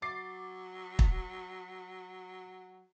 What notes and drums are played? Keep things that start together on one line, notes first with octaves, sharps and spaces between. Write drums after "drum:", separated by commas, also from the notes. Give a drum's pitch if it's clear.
F#3 D6 A6 C7
drum: kick